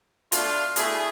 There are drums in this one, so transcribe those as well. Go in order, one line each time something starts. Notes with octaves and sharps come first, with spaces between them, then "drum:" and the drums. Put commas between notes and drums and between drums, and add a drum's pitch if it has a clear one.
B2 A3 D4 F4, drum: hi-hat
B2 A3 E4 G#4, drum: hi-hat